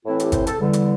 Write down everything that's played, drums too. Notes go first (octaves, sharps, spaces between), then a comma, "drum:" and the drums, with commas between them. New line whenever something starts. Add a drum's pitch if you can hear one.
A2 E3 C4 E4
G4, drum: hi-hat
C5, drum: kick G1, hi-hat
A4, drum: hi-hat
E2 D3 G3
drum: hi-hat